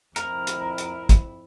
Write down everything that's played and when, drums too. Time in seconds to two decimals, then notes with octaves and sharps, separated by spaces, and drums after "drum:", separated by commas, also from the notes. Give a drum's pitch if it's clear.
0.16 F2 E4 A#4, drum: hi-hat
0.47 drum: hi-hat
0.78 drum: hi-hat
1.09 drum: kick, hi-hat